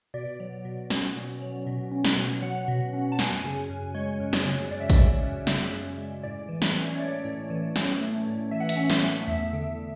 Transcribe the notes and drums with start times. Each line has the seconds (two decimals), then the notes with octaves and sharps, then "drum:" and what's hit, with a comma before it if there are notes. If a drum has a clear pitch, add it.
0.14 B2 D5
0.40 F#3
0.65 B2
0.90 C#4, drum: snare
1.16 B2
1.41 F#3
1.67 B2
1.92 C#4
2.05 drum: snare
2.17 B2
2.42 F#3 F#5
2.68 B2
2.94 C#4
3.12 A5
3.19 F#2 G#5, drum: snare
3.44 C#3
3.70 F#2
3.95 G#3 C#5
4.20 F#2
4.33 drum: snare
4.46 C#3
4.71 F#2 D5
4.80 E5
4.90 D5, drum: kick A1, hi-hat
4.96 G#3
5.22 F#2
5.47 C#3 E5, drum: snare
5.73 F#2
5.98 G#3
6.24 A2 D5
6.49 E3
6.62 E5, drum: snare
6.74 C#4
6.95 C#5
6.99 A3 D5
7.25 A2
7.50 E3
7.76 C#4, drum: snare
8.01 A3
8.26 A2
8.51 E3 E5
8.60 F#5
8.69 E5, drum: hi-hat
8.76 C#4
8.90 drum: snare
9.02 A3
9.28 E2 E5
9.53 D3